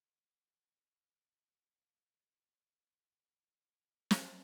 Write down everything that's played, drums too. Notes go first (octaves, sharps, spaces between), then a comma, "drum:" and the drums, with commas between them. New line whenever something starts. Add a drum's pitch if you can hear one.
G4 B5 D6
A#4 F5 A5
E4 F4 G#4 D5 D#5 A5
drum: snare